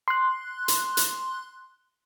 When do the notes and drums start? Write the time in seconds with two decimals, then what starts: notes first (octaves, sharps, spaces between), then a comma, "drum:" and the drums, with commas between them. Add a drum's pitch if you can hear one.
0.08 C6 F#6
0.68 drum: hi-hat
0.97 drum: hi-hat